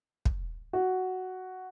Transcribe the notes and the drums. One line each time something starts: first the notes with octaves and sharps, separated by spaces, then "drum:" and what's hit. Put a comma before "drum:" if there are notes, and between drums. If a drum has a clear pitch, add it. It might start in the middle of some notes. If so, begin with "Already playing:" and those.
drum: kick
F#4